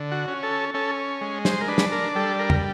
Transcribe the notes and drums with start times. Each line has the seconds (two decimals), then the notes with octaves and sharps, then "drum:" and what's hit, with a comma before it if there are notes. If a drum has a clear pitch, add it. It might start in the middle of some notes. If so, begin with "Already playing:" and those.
Already playing: D3
0.12 F#4
0.28 C#4
0.43 A4
0.74 C#4 A4
1.21 G#3
1.45 C5, drum: snare
1.61 A#4
1.68 D4 B4
1.78 drum: snare
1.92 A#4
2.15 G3 A4
2.39 A#4
2.50 drum: tom